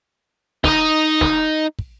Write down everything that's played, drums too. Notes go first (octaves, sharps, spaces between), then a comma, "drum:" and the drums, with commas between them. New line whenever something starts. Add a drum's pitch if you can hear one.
D#4 D#5, drum: snare
drum: snare
drum: kick